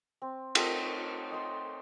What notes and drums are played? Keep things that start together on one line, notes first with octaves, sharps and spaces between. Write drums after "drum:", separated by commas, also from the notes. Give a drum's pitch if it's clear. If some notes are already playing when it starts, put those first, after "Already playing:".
C4
C4 A4 D#5 F#5, drum: cymbal
D#5 C6